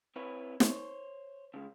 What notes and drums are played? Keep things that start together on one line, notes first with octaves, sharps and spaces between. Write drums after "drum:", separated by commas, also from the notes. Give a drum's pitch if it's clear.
C4 E4 B4 C#5
C5 C#5, drum: snare
C#3 G#3